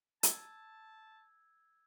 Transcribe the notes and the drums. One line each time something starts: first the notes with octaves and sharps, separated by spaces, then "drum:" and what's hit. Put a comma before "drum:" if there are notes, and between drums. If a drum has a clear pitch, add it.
A5 E6 G#6, drum: hi-hat